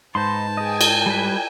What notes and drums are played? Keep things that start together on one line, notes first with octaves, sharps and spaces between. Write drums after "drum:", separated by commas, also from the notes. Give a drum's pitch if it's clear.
G#2 D#4 B4 C5 A5 B5 C6
G#4 D#5 G5 G#5
drum: cymbal
G3 B4